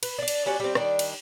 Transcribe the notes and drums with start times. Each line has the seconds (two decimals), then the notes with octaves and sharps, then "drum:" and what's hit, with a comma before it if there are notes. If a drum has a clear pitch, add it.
0.03 B4, drum: cymbal
0.18 D4 D5
0.28 drum: cymbal
0.46 G3 C#4 D4 F#4
0.60 G3 C4
0.75 D#3 G3 D4, drum: rim click
0.99 drum: cymbal